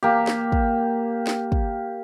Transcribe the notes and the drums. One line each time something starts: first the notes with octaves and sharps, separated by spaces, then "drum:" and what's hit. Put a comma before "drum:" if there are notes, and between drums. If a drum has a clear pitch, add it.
A#3 G4
drum: snare
drum: kick
drum: snare
drum: kick